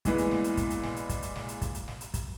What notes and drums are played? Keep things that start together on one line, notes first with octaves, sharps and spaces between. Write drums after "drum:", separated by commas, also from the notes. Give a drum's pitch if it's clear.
A#2 E3 G#3 B3, drum: kick, hi-hat
drum: hi-hat
drum: snare
drum: hi-hat
drum: kick, hi-hat
drum: hi-hat
drum: snare
drum: hi-hat
drum: kick, hi-hat
drum: hi-hat
drum: snare
drum: hi-hat
drum: kick, hi-hat
drum: hi-hat
drum: snare
drum: hi-hat
drum: kick, hi-hat